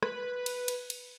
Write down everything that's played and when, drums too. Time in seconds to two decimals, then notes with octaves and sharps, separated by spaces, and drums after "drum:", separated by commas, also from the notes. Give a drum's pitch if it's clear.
0.03 B4, drum: rim click
0.46 drum: cymbal
0.68 drum: cymbal
0.90 drum: cymbal